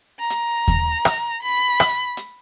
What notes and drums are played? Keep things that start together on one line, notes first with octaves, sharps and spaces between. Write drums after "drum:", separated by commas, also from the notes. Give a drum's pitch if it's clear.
A#5
drum: hi-hat
drum: kick D#2, hi-hat
drum: rim click
B5
drum: rim click
drum: hi-hat